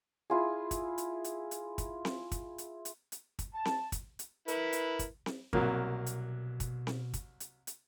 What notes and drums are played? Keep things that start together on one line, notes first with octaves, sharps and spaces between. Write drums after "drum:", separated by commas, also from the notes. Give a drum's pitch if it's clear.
E4 F4 G#4
drum: kick, hi-hat
drum: hi-hat
drum: hi-hat
drum: hi-hat
drum: kick, hi-hat
drum: snare C4
drum: kick, hi-hat
drum: hi-hat
drum: hi-hat
drum: hi-hat
drum: kick, hi-hat
A5
drum: snare C4
drum: kick, hi-hat
drum: hi-hat
E4 A#4 B4, drum: hi-hat
drum: hi-hat
drum: kick, hi-hat
drum: snare C4
C2 B2 F#3 A#3, drum: kick
drum: hi-hat
drum: kick, hi-hat
drum: snare C4
drum: kick, hi-hat
drum: hi-hat
drum: hi-hat